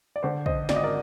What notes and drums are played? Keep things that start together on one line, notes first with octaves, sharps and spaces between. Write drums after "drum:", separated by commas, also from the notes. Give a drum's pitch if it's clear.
D5
D3 C5
C5 D#5, drum: kick
G#1 D5, drum: snare
D#5
A#4 D5